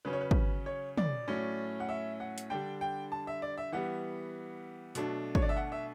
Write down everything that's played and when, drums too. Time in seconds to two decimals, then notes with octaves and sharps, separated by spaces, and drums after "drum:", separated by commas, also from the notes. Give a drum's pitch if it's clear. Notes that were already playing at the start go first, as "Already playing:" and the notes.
0.05 C#3 F#3 C#4 B4
0.13 C#5
0.21 B4
0.31 drum: kick
0.66 C#5
0.97 D5, drum: tom
1.28 A2 F#3 C#4
1.80 F#5
1.89 E5
2.20 F#5
2.38 drum: hi-hat
2.50 D3 G3 D4 G5
2.81 G5
3.12 A5
3.27 E5
3.42 D5
3.57 E5
3.72 E3 G3 B3 F#5
4.95 B2 F#3 A3 D4, drum: hi-hat
5.35 C#5, drum: kick
5.42 D5
5.49 E5
5.57 F#5
5.72 E5